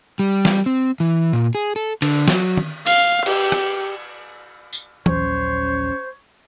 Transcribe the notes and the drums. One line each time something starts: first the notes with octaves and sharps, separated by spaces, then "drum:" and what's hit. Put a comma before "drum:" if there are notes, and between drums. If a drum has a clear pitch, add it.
G3
drum: snare
C4
E3
A#2
G#4
A4
D3, drum: cymbal
F#3, drum: snare
drum: tom D#3
F5, drum: open hi-hat
G4, drum: cymbal
drum: rim click
drum: tambourine
A#1 D#2 F#3 C#4 C5 C#5, drum: tom